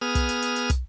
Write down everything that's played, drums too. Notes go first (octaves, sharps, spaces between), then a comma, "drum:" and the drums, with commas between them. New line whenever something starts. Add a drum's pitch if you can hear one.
B3 G#4 D#6 F6
drum: kick, hi-hat
drum: hi-hat
drum: hi-hat
drum: hi-hat
drum: kick, hi-hat